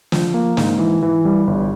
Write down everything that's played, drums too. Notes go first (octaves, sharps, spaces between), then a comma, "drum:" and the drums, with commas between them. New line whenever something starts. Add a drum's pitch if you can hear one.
F3, drum: snare
A#3
G#2, drum: snare
E3
E3
G3
G1